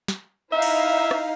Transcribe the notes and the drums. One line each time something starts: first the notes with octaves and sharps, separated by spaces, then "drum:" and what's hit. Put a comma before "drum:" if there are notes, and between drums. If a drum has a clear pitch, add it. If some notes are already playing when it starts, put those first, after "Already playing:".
drum: snare
D#4 E4 E5 F5
drum: cymbal
drum: rim click